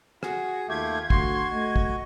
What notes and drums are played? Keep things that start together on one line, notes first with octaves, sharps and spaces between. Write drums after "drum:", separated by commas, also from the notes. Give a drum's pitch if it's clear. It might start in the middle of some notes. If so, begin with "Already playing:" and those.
F#4 G#4, drum: rim click
D#2 A3 F4 G4 G#6
D2 F#4 C6, drum: kick
A3 D#5
drum: kick